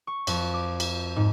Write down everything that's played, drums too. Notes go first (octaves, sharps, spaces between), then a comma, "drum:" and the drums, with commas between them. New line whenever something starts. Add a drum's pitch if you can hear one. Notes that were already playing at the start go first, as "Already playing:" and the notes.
C#6
F2, drum: cymbal
D6
drum: cymbal
G#2